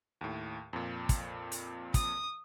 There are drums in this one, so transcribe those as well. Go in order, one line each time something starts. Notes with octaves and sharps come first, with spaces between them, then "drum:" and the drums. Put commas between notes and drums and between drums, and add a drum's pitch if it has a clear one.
D#2 A2
F2 A#2
drum: kick, hi-hat
drum: hi-hat
D#6, drum: kick, hi-hat